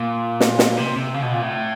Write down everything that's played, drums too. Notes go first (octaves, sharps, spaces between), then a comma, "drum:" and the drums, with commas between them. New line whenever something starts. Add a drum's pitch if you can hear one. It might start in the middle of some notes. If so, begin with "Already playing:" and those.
Already playing: A#2
drum: snare
drum: snare
C3
C3
C#3
B2
A#2
A2